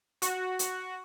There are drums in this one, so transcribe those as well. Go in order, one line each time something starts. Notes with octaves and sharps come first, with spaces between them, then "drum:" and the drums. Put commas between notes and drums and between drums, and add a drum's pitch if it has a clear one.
F#4, drum: hi-hat
drum: hi-hat